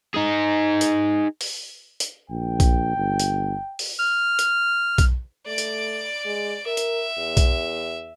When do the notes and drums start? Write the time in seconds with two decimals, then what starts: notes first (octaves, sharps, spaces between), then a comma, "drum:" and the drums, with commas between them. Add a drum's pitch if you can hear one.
0.14 D#4 G#4
0.81 drum: hi-hat
1.41 drum: open hi-hat
2.00 drum: hi-hat
2.30 A#1 G5
2.60 drum: kick B1, hi-hat
2.97 G1
3.20 drum: hi-hat
3.79 drum: open hi-hat
3.99 F6
4.39 drum: hi-hat
4.98 drum: kick B1, hi-hat
5.47 A3 D5 D6
5.58 drum: hi-hat
6.26 G#3
6.66 A#4 E5
6.77 drum: hi-hat
7.17 E2
7.37 drum: kick B1, hi-hat